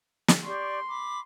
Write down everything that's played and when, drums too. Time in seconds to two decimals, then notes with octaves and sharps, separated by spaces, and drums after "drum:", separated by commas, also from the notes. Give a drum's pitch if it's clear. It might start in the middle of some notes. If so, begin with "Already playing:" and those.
0.28 drum: snare
0.44 G4 D5 C6 C#6
0.88 B5 D6